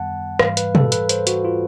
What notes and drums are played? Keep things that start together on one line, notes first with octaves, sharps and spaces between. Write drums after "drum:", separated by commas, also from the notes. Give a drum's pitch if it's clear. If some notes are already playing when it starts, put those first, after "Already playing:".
Already playing: F#2 D#3 G3 B3 F#5 A5
G#2 E3 G3 F5, drum: rim click
B4, drum: hi-hat
A4, drum: tom
B4, drum: hi-hat
C5, drum: hi-hat
F#4, drum: hi-hat
F4